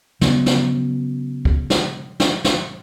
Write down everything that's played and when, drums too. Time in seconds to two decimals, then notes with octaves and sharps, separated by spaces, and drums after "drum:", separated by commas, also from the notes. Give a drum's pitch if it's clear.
0.21 C#3 F#3 B3, drum: snare
0.46 drum: snare
1.45 drum: kick
1.70 drum: snare
2.20 drum: snare
2.44 drum: snare